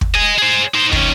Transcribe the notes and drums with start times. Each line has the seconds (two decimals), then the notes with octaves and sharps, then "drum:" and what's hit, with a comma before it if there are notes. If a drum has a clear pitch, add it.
0.01 drum: kick
0.15 D#5 G#5
0.38 G#4 C5
0.74 D#4 C5
0.92 D#3 C#4, drum: kick